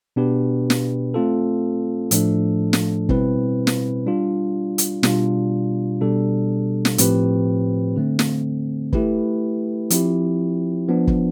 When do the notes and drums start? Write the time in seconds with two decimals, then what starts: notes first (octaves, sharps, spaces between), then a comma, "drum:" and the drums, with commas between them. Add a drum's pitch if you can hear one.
0.16 B2 B3 D4 G4 B4
0.70 drum: snare
1.14 A3 C4 F4 A4
2.11 A2 F3 A3 D4 A4, drum: hi-hat
2.73 drum: snare
3.09 B2 G3 C4 E4 B4, drum: kick
3.67 drum: snare
4.06 G3 D4 F4
4.78 drum: hi-hat
5.03 B2 G3 D4 F4, drum: snare
6.01 B2 G3 D4 A4
6.85 drum: snare
6.98 A2 F3 C4 G4 B4, drum: hi-hat
7.96 D3 A3 C4
8.19 drum: snare
8.93 A3 E4 G4 B4, drum: kick
9.90 F3 C4 E4 G4, drum: hi-hat
10.88 F3 B3 D4
11.08 drum: kick